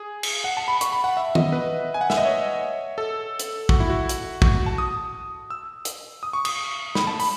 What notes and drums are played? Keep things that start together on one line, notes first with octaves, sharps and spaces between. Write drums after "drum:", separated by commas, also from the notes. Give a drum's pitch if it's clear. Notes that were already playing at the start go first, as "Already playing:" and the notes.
Already playing: G#4
drum: cymbal
F#5
A5
B5
C#6, drum: hi-hat
B5
F#5
E5
D#5, drum: tom D#3
B4
G#5
F#5
E5, drum: snare
D#5
C#5
A4
drum: hi-hat
F#4, drum: kick
E4
F#4
drum: hi-hat
F#4, drum: kick
A5
D#6
E6
drum: hi-hat
D#6
C#6
D#6, drum: cymbal
B5, drum: snare
A5
B5, drum: open hi-hat